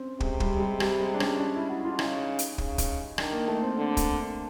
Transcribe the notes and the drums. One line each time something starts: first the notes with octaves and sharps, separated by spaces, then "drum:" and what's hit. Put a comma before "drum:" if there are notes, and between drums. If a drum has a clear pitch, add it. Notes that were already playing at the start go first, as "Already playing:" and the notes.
Already playing: C4 C#4
C3 G#3, drum: kick
G3, drum: kick
G#3
G3
G3, drum: rim click
G#3
D4
C#4, drum: rim click
D4
E4
F#4
F#4
F4
C#3 D#4, drum: rim click
drum: hi-hat
C#3, drum: kick
drum: kick, hi-hat
D#3 D4, drum: rim click
A#3
A3
C4
D3
drum: kick, hi-hat